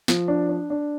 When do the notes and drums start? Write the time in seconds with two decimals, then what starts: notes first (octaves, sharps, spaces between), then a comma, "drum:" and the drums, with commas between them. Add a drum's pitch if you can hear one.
0.08 F3, drum: snare
0.28 D4
0.49 D4
0.70 D4